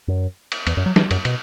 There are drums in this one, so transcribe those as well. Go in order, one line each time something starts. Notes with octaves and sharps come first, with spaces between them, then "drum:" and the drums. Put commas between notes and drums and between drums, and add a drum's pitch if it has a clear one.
F#2
drum: cymbal
E2, drum: cymbal
F#2
F#3
E3, drum: snare
F#2, drum: cymbal
B2, drum: cymbal